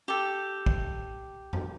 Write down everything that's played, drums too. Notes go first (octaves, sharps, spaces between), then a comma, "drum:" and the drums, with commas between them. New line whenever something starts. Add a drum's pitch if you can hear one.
G4 A4
drum: kick
drum: tom F#2